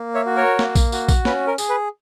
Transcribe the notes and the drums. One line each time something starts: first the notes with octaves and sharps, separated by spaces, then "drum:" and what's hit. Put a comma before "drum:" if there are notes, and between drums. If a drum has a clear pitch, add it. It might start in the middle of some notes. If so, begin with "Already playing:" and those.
Already playing: A#3
C#5 E5
F#4
A#4 C#5
A#3, drum: snare
drum: kick A#1, tambourine
F#4, drum: tambourine
drum: kick A#1, tambourine
C#4 B4, drum: snare
A#4
G#4, drum: tambourine
B4